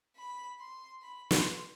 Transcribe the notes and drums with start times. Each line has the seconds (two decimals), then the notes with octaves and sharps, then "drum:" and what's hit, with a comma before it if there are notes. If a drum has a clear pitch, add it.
0.17 B5
0.60 C6
1.02 B5
1.31 C6, drum: snare